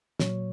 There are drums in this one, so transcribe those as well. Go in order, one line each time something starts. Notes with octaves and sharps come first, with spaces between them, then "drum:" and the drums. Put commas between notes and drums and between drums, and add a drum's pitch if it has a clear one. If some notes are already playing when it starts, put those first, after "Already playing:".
A#2 F#3 C#5, drum: snare